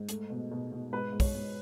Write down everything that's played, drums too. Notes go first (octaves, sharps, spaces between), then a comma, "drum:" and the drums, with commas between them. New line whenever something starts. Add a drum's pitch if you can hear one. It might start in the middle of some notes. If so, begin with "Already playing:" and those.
Already playing: G#2
A3, drum: hi-hat
B2
B2
B2
G#2 B4
G#2
C#5, drum: kick, open hi-hat
G#2